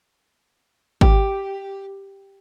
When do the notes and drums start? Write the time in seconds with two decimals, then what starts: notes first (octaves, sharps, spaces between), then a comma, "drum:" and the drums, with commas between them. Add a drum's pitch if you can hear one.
1.01 G4, drum: kick G#1